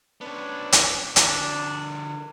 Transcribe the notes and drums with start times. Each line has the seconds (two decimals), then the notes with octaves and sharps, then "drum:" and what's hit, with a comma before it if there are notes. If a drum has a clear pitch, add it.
0.21 B3 C#4 D4
0.72 drum: hi-hat
1.16 D3 D4 A#4, drum: hi-hat